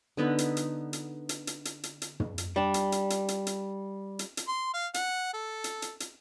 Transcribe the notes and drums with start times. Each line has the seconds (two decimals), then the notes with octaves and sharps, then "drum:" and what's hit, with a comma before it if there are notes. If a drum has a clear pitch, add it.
0.17 D3 B3 D#4 B5
0.38 drum: hi-hat
0.57 drum: hi-hat
0.93 drum: hi-hat
1.29 drum: hi-hat
1.47 drum: hi-hat
1.65 drum: hi-hat
1.83 drum: hi-hat
2.02 drum: hi-hat
2.20 drum: tom
2.38 drum: hi-hat
2.56 G3 D4
2.74 drum: hi-hat
2.92 drum: hi-hat
3.10 drum: hi-hat
3.28 drum: hi-hat
3.47 drum: hi-hat
4.19 drum: hi-hat
4.37 drum: hi-hat
4.48 C6
4.74 F5
4.94 F#5, drum: hi-hat
5.34 A4
5.64 drum: hi-hat
5.82 drum: hi-hat
6.00 drum: hi-hat